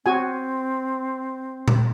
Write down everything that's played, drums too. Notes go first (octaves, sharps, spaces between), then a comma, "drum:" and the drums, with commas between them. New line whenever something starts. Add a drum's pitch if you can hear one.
C4 F#4 G#5
drum: tom A#2